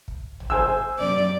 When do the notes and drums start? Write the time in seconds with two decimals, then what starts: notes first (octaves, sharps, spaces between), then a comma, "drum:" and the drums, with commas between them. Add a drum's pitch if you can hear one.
0.08 drum: kick
0.40 drum: tom
0.50 C5 G#5 E6
0.99 F#2 D5